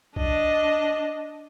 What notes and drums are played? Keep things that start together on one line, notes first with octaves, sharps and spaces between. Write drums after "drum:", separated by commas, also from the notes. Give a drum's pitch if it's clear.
D4 D#5, drum: kick B1